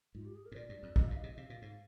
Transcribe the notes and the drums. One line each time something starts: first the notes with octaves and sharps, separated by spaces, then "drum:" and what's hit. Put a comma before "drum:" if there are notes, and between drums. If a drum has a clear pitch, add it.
G#2 F4
G4
G#4
A#4
G#2
A#2 D5
G2
F2
F2 D#5, drum: kick
G2 F5
D#5
C3
D#5
C3 F5
A#2
G#2